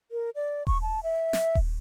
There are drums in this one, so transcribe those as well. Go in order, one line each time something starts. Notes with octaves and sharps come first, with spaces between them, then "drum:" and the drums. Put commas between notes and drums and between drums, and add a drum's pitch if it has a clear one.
A#4
D5
C#6, drum: kick D#1
A5
E5
drum: snare
drum: kick D#1